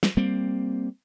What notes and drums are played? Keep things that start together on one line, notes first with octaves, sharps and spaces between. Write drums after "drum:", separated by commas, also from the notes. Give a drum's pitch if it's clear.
drum: snare
G3 A#3 C4